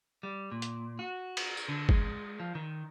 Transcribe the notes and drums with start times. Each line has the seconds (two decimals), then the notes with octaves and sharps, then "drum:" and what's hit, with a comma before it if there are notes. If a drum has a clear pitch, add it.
0.23 G3
0.51 A#2
0.62 drum: hi-hat
0.99 F#4
1.37 drum: cymbal
1.57 drum: tambourine
1.68 D3
1.89 G#3, drum: kick
2.40 F3
2.55 D#3